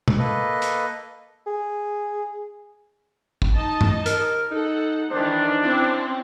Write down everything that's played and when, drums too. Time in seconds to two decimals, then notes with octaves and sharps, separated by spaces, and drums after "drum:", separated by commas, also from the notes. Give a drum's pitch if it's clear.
0.08 drum: tom B2
0.19 A#3 A4 B4 D#5
0.62 drum: hi-hat
1.47 G#4
3.42 drum: kick
3.54 D#4 D#5 A5
3.81 drum: tom G2
4.06 A#4, drum: hi-hat
4.51 D#4 A4 F#5
5.11 D#3 E3 D4 C5
5.64 C4 C#4 E4